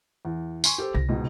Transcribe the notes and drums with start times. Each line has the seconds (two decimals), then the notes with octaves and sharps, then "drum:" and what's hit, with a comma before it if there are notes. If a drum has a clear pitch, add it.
0.25 E2
0.64 G#5 C6 C#6, drum: tambourine
0.78 G4 A4 C5
0.95 C2 A#6
1.09 C#2 G#2 B2